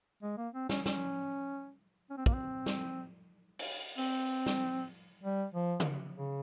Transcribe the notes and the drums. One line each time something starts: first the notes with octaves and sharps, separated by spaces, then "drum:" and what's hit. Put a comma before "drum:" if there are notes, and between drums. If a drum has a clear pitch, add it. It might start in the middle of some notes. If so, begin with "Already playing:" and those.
G#3
A#3
C4
C#4, drum: snare
C#4, drum: snare
C#4
C4
A#3, drum: kick
C4
drum: snare
drum: cymbal
C4, drum: open hi-hat
drum: snare
G3
F3
drum: tom C#3
C#3